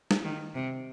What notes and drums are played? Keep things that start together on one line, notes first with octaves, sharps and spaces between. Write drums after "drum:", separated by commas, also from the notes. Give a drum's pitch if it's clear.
drum: snare
D#3
C3